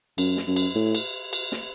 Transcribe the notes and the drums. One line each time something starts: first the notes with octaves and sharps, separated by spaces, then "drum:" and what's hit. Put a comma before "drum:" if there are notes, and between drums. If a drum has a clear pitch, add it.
F#2, drum: cymbal
drum: snare
F#2
drum: cymbal
A2
drum: cymbal
drum: cymbal
drum: snare